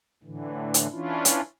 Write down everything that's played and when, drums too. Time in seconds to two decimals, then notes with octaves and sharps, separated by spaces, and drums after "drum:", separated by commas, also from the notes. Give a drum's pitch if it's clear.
0.23 A2 D3 E3
0.74 drum: hi-hat
0.91 E3 C#4 D4 E4 F4
1.25 drum: hi-hat